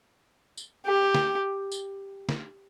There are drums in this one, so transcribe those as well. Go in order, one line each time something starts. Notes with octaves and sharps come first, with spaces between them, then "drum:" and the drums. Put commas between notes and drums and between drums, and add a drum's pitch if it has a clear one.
drum: tambourine
G4
drum: snare
drum: tambourine
drum: snare